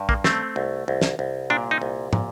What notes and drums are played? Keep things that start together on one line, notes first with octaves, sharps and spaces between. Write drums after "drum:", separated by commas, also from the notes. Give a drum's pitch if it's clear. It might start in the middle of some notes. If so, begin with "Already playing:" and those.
Already playing: G2
A#3, drum: kick
A3 C4, drum: snare
C2
C2
drum: snare
C2
A#2 D4
D#4
C2
A#2, drum: tom